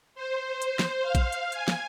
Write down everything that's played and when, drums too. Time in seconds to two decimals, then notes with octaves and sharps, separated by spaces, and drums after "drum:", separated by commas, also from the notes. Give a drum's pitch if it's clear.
0.15 C5
0.62 C5, drum: hi-hat
0.79 drum: snare
1.02 F5
1.15 drum: kick A#1, hi-hat
1.32 drum: hi-hat
1.52 G#5, drum: hi-hat
1.68 drum: snare